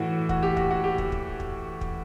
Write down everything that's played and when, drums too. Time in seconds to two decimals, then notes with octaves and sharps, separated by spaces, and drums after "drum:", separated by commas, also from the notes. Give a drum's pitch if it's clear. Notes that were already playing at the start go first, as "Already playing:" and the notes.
Already playing: A2 E3 F#4
0.29 F#4, drum: kick
0.43 G4
0.57 F#4, drum: kick
0.71 F#4
0.84 G4
0.98 drum: kick
1.12 drum: kick
1.40 drum: kick
1.81 drum: kick